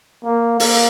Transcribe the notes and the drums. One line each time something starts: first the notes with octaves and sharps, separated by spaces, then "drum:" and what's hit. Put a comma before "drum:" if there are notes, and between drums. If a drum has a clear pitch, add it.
A#3
A#3, drum: open hi-hat